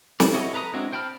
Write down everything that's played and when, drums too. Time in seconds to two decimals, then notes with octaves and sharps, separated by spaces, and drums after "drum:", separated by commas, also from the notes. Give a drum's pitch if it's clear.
0.20 D5, drum: snare
0.33 E4 F#4 C#5 D#5
0.53 A4 B4 A#5 B5 D#6
0.73 G#3 C4 D4 E4 F#4
0.92 C5 G5 A5 B5 F6